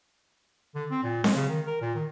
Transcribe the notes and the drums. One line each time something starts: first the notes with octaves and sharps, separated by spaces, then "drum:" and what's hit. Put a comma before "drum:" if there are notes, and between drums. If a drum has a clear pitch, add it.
D3
C4
A#2
G#3, drum: snare C4
C#3
D#3
A#4
A#2
D#3